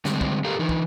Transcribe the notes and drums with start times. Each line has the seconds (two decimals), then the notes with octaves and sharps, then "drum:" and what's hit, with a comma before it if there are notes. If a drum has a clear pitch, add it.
0.05 D3 G3 G#3 C4, drum: snare
0.21 drum: kick
0.44 G4 A4 A#4 F5
0.59 E3 D#4
0.69 drum: kick